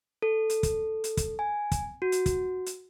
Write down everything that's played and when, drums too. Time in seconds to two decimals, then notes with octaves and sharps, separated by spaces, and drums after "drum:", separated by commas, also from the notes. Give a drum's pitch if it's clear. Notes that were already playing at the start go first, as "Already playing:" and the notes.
0.22 A4
0.50 drum: hi-hat
0.63 drum: kick, hi-hat
1.04 drum: hi-hat
1.17 drum: kick, hi-hat
1.39 G#5
1.72 drum: kick, hi-hat
2.02 F#4
2.12 drum: hi-hat
2.26 drum: kick, hi-hat
2.66 drum: hi-hat